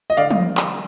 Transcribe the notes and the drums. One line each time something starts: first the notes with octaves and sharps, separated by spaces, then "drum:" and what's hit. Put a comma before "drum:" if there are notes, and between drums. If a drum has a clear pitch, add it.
D#5
D3 D5 F5, drum: hi-hat
drum: tom
drum: clap